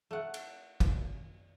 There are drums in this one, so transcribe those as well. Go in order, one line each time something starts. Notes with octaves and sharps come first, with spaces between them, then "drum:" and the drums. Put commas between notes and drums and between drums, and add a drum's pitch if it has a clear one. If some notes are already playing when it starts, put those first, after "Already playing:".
A3 F#5
drum: cymbal
drum: kick, cymbal